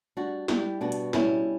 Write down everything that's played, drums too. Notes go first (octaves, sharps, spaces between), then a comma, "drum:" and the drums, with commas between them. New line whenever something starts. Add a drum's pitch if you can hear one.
G3 D4 F#4
G3 E4 G4, drum: snare
B2 D4 F#4
drum: hi-hat
G3 C#4 E4, drum: snare